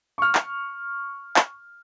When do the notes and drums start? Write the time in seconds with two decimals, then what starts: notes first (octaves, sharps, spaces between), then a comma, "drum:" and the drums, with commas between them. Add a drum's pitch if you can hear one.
0.18 C#6 F6
0.35 drum: clap
1.36 drum: clap